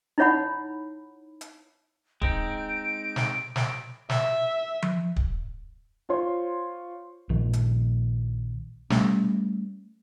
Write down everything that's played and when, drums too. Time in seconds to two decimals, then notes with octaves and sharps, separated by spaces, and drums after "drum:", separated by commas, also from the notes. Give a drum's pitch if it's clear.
0.18 D#4 E4 C#5 F#5 B5
1.41 drum: hi-hat
2.22 G#3 C4 D#4 D7, drum: kick
3.16 drum: snare
3.56 drum: snare
4.10 E5, drum: snare
4.82 drum: tom F3
5.16 drum: kick
6.09 F4 C5 C#5 C6
7.29 A#1 A#2 D#3
7.53 drum: hi-hat
8.90 G3 A3 C#4, drum: snare